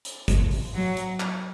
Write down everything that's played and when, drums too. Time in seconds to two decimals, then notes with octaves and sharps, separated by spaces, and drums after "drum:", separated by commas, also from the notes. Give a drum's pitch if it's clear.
0.05 drum: hi-hat
0.28 drum: kick, hi-hat
0.51 drum: open hi-hat
0.75 F#3
0.97 drum: hi-hat
1.20 drum: clap